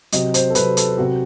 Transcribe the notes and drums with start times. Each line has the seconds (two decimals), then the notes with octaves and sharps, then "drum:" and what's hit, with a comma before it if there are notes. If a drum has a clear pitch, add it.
0.12 C3 F#3 D#5, drum: hi-hat
0.34 C5, drum: hi-hat
0.50 A4
0.55 C3 F#3 B4, drum: hi-hat
0.77 A4, drum: hi-hat
0.98 C3 F#3 F#4